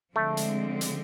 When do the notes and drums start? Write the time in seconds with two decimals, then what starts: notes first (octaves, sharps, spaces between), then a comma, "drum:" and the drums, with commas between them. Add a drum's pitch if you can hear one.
0.15 D3 F3 G#3 A3 C4
0.37 drum: hi-hat
0.81 drum: hi-hat